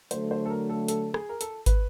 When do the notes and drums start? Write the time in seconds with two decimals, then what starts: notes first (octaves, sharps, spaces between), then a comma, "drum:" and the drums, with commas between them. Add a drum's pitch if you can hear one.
0.11 D3 F#3 A3 C5, drum: hi-hat
0.31 C5
0.45 A4
0.50 A#4
0.69 A4
0.88 A4, drum: hi-hat
1.14 G#4, drum: rim click
1.29 A#4
1.41 A4, drum: hi-hat
1.66 B4, drum: kick, hi-hat